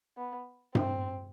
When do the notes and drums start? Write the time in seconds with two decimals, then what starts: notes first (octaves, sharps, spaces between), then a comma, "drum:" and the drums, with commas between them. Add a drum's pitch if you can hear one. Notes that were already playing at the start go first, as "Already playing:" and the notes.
0.17 B3
0.75 C4, drum: tom G2